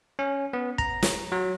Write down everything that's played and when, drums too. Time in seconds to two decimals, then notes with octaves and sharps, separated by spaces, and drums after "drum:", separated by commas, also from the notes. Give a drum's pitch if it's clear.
0.19 C#4
0.53 B3
0.78 A#5, drum: kick
1.03 drum: snare
1.32 F#3